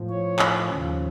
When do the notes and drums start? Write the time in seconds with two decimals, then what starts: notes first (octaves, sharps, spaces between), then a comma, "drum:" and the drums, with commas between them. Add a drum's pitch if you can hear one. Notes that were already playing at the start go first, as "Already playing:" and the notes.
Already playing: A2 F3
0.10 C#5
0.39 drum: clap
0.69 D#2 C#3 F3